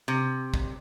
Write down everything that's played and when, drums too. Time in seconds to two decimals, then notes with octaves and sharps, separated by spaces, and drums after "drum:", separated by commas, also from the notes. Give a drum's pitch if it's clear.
0.08 C3
0.54 drum: kick